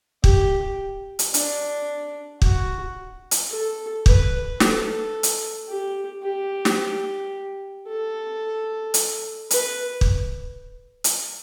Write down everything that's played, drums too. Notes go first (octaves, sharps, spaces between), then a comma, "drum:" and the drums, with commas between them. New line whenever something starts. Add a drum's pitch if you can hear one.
G4, drum: kick
drum: hi-hat
D4, drum: hi-hat
F#4, drum: kick
drum: hi-hat
A4
B4, drum: kick
A4, drum: snare
drum: hi-hat
G4
G4
drum: snare
A4
drum: hi-hat
B4, drum: hi-hat
drum: kick
drum: hi-hat